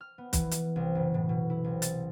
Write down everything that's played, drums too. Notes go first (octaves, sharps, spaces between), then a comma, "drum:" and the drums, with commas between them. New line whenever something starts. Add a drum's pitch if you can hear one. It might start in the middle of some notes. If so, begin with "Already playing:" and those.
F6
B3
E3, drum: kick, hi-hat
drum: hi-hat
C2
F#1
A2
B2
E4
C2
A6, drum: hi-hat